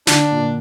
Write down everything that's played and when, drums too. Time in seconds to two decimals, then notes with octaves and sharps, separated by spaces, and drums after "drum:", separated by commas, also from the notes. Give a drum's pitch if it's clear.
0.07 D3 D4, drum: snare
0.30 A#2